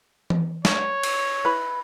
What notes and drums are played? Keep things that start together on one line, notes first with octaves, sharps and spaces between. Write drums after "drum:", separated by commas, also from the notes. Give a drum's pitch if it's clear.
drum: tom E3
C#5, drum: snare
drum: cymbal
E4 B4 B5